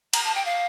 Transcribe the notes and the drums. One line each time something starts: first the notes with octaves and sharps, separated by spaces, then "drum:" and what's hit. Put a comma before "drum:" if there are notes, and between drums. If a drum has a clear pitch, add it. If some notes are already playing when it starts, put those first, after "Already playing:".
A#5, drum: cymbal
A5
G5
F5